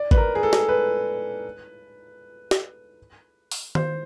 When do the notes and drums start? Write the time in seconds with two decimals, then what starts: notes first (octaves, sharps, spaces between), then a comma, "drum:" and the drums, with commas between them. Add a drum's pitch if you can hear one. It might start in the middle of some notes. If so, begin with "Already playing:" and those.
Already playing: D5
0.11 B4, drum: kick G#1
0.17 A#4
0.35 G#4
0.43 A4
0.53 drum: snare
0.69 B4
2.51 drum: snare
3.52 drum: open hi-hat
3.75 C5, drum: tom D#3